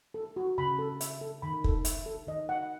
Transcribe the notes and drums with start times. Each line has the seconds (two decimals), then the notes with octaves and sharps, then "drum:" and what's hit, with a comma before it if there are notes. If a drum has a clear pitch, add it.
0.14 A4
0.36 F#4
0.58 C#3 B5
0.79 A4
1.01 E5, drum: hi-hat
1.21 A4
1.42 D#3 B5
1.64 A4, drum: kick
1.85 E5, drum: hi-hat
2.06 A4
2.27 D#3 D#5
2.49 F#5